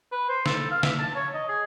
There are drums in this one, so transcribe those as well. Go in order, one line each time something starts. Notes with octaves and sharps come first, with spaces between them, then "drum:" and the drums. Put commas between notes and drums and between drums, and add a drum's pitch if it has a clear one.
B4
C5
A4, drum: snare
F5
E5, drum: snare
A5
C#5
D#5
G#4